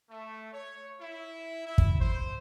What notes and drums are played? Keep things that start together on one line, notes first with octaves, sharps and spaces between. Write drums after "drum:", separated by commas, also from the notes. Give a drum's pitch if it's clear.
A3
C#5
E4
E4
drum: kick
C5